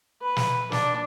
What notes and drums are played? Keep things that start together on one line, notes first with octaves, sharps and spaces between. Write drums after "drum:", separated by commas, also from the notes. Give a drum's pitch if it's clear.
B4
drum: snare
D4, drum: snare